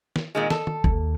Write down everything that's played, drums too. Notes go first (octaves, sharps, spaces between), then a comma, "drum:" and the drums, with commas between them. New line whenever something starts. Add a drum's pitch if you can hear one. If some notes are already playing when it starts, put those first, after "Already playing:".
drum: snare
A#2 D#3 G#3
A4, drum: snare
drum: tom
D#2, drum: kick G1